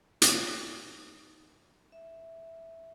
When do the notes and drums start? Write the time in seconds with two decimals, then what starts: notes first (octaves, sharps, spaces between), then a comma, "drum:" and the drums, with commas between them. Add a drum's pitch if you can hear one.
0.22 D#4, drum: hi-hat
1.92 E5